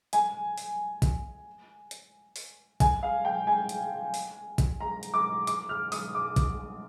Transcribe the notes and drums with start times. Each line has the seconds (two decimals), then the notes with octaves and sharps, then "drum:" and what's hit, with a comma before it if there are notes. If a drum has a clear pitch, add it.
0.13 G#5, drum: hi-hat
0.58 drum: open hi-hat
1.02 drum: kick, hi-hat
1.91 drum: hi-hat
2.36 drum: open hi-hat
2.80 G#5, drum: kick, hi-hat
3.03 F5
3.25 G5
3.47 G#5
3.69 drum: hi-hat
4.14 drum: open hi-hat
4.58 drum: kick, hi-hat
4.80 A#5
5.03 drum: hi-hat
5.14 D6
5.47 D6, drum: hi-hat
5.69 F6
5.92 D#6, drum: open hi-hat
6.15 D6
6.36 drum: kick, hi-hat